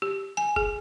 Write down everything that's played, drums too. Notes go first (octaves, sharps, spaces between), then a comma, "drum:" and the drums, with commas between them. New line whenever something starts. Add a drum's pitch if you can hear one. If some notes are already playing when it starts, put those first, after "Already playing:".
G4
G#5
G#4, drum: kick F1